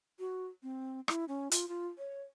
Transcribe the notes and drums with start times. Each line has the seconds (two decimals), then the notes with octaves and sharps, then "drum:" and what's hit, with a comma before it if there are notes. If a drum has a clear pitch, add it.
0.19 F#4
0.63 C4
1.08 E4, drum: rim click
1.28 C#4
1.51 F4, drum: hi-hat
1.68 F4
1.98 C#5